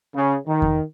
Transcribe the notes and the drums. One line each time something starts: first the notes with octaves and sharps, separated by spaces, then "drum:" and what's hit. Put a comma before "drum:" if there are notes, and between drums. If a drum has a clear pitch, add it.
C#3
D#3
drum: kick E2